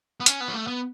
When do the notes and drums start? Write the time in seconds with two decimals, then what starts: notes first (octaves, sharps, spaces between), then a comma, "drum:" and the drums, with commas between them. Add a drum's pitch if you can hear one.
0.20 B3
0.26 C#4, drum: hi-hat
0.40 B3
0.48 F#3
0.54 A3
0.67 B3